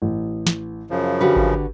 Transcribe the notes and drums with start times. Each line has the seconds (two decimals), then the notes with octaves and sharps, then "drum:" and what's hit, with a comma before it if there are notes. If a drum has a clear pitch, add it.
0.02 A1
0.47 drum: snare
0.90 F#2 C#3 F3
1.21 D3 F#4 G4 B4
1.36 drum: kick G#1